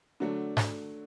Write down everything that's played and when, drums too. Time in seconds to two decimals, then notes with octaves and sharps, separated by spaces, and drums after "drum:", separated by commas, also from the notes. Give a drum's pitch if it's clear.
0.20 D3 F#3 A3 D4
0.57 drum: snare G#2